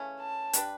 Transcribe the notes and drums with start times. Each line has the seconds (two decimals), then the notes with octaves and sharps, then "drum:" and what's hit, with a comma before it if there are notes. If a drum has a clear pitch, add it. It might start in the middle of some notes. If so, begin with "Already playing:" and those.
Already playing: C#3 E3 A3 C#4
0.20 A5
0.53 G3 D4 G4 B4, drum: hi-hat